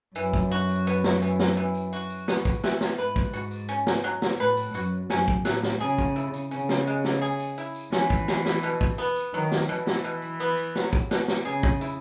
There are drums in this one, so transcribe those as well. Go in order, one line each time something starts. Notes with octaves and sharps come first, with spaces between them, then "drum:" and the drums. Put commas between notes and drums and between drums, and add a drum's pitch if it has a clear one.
F#2 E3, drum: tambourine
drum: kick, tambourine
F#4, drum: tambourine
drum: tambourine
B3, drum: tambourine
drum: snare
E3, drum: tambourine
drum: snare
E3, drum: tambourine
drum: tambourine
F#4, drum: tambourine
drum: tambourine
B3, drum: snare
drum: kick, tambourine
E3, drum: snare
drum: snare
G#2 B4, drum: tambourine
drum: kick, tambourine
F#4, drum: tambourine
drum: tambourine
C#4, drum: tambourine
drum: snare
F#3, drum: tambourine
drum: snare
A2 B4, drum: tambourine
drum: tambourine
F#2 F#4, drum: tambourine
F#2 C#4, drum: snare
drum: kick
A2 F#3, drum: snare
drum: snare
C#3 G#4, drum: tambourine
drum: kick, tambourine
E4, drum: tambourine
drum: tambourine
C#3 C#4, drum: tambourine
drum: snare
G#3
drum: snare
G#4, drum: tambourine
drum: tambourine
E4, drum: tambourine
drum: tambourine
E3 C#4, drum: snare
drum: kick, tambourine
G#3, drum: snare
drum: snare
B2, drum: tambourine
drum: kick, tambourine
B3, drum: tambourine
drum: tambourine
D#3 F#3, drum: tambourine
drum: snare
B2 E3, drum: tambourine
drum: snare
B2, drum: tambourine
drum: tambourine
B3, drum: tambourine
drum: tambourine
F#3, drum: snare
drum: kick, tambourine
B2, drum: snare
drum: snare
C#3 G#4, drum: tambourine
drum: kick, tambourine
E4, drum: tambourine